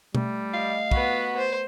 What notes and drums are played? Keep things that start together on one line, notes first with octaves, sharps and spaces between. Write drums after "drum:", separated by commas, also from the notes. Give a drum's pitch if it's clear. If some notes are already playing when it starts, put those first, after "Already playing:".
G3 A3, drum: tom B2
G4 D#5 F5
B3 F#4 B5, drum: kick
C5